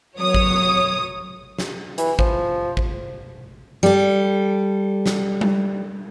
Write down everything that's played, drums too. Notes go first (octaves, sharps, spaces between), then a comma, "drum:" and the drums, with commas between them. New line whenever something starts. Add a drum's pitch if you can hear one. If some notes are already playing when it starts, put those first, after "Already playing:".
F#3 C#5 D#6
drum: kick
drum: snare
E3, drum: hi-hat
F3, drum: kick
drum: kick
G3 A4
drum: snare
drum: tom G3